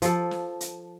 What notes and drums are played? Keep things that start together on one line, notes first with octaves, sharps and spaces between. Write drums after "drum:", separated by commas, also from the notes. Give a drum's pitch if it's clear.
F3 A4, drum: hi-hat
drum: snare
drum: hi-hat